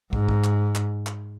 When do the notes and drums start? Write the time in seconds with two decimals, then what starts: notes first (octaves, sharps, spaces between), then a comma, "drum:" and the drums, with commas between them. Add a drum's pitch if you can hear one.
0.13 G#2, drum: kick
0.29 drum: kick
0.44 drum: clap
0.75 drum: clap
1.07 drum: clap